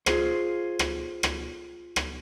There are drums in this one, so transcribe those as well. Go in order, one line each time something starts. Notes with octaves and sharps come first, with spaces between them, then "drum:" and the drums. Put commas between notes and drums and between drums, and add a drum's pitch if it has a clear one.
F4 G#4 C5, drum: rim click
drum: rim click
drum: rim click
drum: rim click